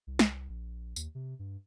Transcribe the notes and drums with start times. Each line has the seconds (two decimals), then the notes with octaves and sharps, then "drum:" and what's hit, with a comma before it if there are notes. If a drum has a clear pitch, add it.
0.07 C2
0.19 drum: snare
0.49 A#1
0.96 D#2, drum: tambourine
1.15 C3
1.39 G2